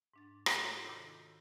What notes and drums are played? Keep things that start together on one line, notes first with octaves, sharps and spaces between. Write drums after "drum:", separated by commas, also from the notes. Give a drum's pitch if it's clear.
G#2 D4 A6
drum: rim click
D#4 F4 F#4 A4 C#5
C3 D#3 D#4 D6